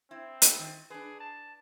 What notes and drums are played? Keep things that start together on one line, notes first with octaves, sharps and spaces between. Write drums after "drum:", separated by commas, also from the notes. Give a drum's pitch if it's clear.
C4 E4
drum: hi-hat
D#3
D4 G#4 B4
A5